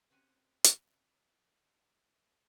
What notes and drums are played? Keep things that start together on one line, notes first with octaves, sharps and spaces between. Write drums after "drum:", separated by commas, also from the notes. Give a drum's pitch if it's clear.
C4 C#4 F#4 G4 G#5
drum: hi-hat